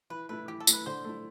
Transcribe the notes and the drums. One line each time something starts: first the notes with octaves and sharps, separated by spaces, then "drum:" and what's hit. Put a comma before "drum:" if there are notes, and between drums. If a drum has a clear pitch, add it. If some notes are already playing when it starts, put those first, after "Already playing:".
E3 B4
A3 E4 B4
E3 G4
A4
A3 E4, drum: tambourine
B4
D3 C5
A3 E4